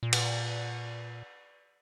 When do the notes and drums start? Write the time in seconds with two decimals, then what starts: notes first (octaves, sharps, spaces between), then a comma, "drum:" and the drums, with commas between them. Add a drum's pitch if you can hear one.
0.03 A#2
0.13 drum: cymbal